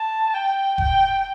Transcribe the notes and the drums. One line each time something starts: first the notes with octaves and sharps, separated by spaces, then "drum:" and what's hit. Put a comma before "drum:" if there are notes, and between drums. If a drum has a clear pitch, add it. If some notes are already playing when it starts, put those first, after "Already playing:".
Already playing: A5
G5
G5, drum: kick F1